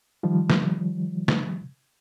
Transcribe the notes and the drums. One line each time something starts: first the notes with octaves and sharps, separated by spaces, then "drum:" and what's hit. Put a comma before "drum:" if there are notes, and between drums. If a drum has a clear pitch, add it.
D#3 F3 G3
drum: snare
drum: snare